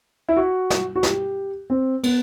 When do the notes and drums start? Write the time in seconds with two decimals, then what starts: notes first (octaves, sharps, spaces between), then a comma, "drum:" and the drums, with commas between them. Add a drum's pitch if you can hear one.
0.29 E4
0.37 F#4
0.70 drum: snare
0.96 F#4
1.03 G4, drum: snare
1.70 C4
2.03 B3, drum: cymbal